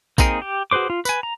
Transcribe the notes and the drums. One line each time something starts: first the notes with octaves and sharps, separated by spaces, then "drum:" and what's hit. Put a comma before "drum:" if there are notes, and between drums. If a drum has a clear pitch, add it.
A#3 C4 D#4 G#4 A#4, drum: kick A#1, tambourine
G4
F#4 G#4 B4 C5 D6
F4
B4 G#5, drum: tambourine
A#5